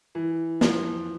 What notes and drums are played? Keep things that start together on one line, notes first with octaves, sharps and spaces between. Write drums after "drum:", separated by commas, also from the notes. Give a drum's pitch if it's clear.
E3
F3, drum: snare